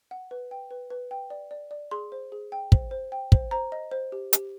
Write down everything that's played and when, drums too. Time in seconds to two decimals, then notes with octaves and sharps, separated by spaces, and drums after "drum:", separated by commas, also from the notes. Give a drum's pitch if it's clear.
0.11 F#5
0.31 B4
0.51 G5
0.71 B4
0.90 B4
1.11 G5
1.30 D5
1.51 D5
1.71 D5
1.91 G#4 C6
2.12 C5
2.32 G#4
2.52 G5
2.72 C5, drum: kick
2.91 C5
3.12 G5
3.32 C5, drum: kick
3.51 C5 A#5
3.72 D#5
3.91 C5
4.12 G4
4.33 G4, drum: hi-hat